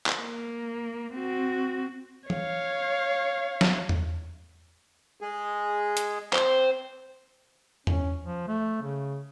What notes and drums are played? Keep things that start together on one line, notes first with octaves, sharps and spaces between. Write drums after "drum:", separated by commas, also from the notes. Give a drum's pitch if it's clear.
drum: clap
A#3
C4 F#4
C#5 F5, drum: tom E3
drum: snare
drum: tom E2
G#3 G#4
drum: hi-hat
C4 C5, drum: clap
C#4, drum: tom E2
F3
A3
C#3